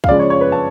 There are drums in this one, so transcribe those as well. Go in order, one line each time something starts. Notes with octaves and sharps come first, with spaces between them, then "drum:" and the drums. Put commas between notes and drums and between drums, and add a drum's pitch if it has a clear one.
F5, drum: kick
C#3 F3 G#3 D5
C#5
C#5
B4
A5